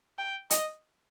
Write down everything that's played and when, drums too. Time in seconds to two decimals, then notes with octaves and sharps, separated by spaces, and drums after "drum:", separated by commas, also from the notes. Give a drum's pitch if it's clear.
0.18 G5
0.50 D#5, drum: hi-hat